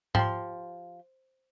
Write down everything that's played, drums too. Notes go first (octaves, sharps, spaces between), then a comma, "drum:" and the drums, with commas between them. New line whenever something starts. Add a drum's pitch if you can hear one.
F3 G4 C6, drum: tom G#2